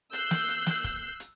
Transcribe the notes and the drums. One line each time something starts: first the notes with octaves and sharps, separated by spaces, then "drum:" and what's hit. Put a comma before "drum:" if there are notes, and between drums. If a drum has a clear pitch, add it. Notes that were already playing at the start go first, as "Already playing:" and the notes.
E6 F#6 G6 C7, drum: hi-hat
drum: snare
drum: hi-hat
drum: snare
drum: kick, hi-hat
drum: hi-hat